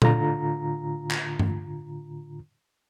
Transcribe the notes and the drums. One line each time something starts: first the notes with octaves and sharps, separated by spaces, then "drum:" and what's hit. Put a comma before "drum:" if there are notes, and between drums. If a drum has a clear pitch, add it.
A2 D3 F4 A#5, drum: tom A#2
drum: clap
drum: tom G2